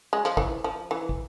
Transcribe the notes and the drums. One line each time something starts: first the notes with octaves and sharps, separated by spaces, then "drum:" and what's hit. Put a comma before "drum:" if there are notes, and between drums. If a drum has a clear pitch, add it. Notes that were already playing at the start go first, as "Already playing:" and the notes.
G#3
F3
E3, drum: kick
F3
E3
drum: kick